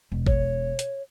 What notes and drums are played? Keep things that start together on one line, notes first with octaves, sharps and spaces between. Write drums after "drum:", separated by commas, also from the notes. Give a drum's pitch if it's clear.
E1
C#5, drum: kick G#1
drum: hi-hat